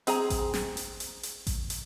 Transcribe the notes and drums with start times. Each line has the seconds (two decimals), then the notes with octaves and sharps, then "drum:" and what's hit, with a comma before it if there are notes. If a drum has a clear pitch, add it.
0.07 C4 G#4 G#5 A#5, drum: hi-hat
0.30 drum: kick A1, hi-hat
0.54 drum: snare
0.77 drum: hi-hat
1.00 drum: hi-hat
1.23 drum: hi-hat
1.47 drum: kick A1, hi-hat
1.70 drum: hi-hat